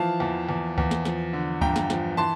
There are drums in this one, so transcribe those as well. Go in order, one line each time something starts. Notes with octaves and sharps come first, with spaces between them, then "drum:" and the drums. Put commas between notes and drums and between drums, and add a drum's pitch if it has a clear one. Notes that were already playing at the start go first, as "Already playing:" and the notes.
Already playing: E3 F3 F5 A5
E2
E2
E2, drum: kick C#2
drum: snare
F3, drum: snare
D3
G2 G5 A#5, drum: kick C#2
drum: snare
F3, drum: snare
E3 A5 C6